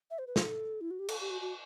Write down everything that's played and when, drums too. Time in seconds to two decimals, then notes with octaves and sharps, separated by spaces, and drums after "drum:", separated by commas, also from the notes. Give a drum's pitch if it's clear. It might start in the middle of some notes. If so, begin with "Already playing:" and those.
0.11 E5
0.19 C5
0.27 B4
0.36 C5, drum: snare
0.43 A4
0.81 E4
0.91 F#4
0.99 G4
1.08 A4, drum: cymbal
1.21 G4
1.30 F#4
1.41 F#4